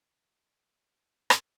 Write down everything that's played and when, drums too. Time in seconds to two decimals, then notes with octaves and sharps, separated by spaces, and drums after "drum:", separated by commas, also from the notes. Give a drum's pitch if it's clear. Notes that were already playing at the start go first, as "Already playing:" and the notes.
0.16 D4
0.52 G#4
0.76 D4
1.30 drum: rim click